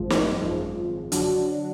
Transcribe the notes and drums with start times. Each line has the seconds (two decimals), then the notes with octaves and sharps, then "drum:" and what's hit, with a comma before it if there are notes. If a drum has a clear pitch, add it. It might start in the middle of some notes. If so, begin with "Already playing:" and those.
Already playing: G#1 F#2 F3 G#3
0.10 drum: snare
0.40 G#1 F#2 F3 G#3
1.12 D3 F#3 D4 F#4, drum: hi-hat